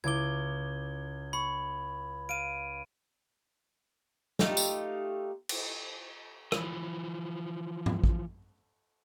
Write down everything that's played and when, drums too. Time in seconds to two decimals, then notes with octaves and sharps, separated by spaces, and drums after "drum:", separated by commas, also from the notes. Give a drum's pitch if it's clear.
0.04 C#2 E4 D6 G#6 G7
1.33 B5 C#6
2.29 F5 D7 D#7
4.39 A3 D#4 F4 G4, drum: snare
4.57 drum: tambourine
5.49 drum: cymbal
6.52 E3 F3, drum: rim click
7.86 drum: tom G#2
8.04 drum: kick A1